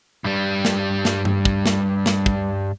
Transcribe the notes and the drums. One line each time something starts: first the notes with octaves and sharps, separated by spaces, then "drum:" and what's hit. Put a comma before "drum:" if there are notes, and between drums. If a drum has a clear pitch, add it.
G2 G3
drum: snare
drum: snare
drum: tom G2
drum: kick
drum: snare
drum: snare
drum: kick